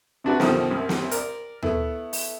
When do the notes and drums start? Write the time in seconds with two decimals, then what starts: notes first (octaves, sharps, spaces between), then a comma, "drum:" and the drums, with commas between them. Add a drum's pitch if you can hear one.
0.24 C3 D4 F#4 B4
0.40 F#2 B2 D3 D#3 F3 G3, drum: snare
0.71 C2 F#2
0.89 drum: snare
1.11 A#4 D5, drum: hi-hat
1.63 A3 B3 E4, drum: tom
2.13 drum: open hi-hat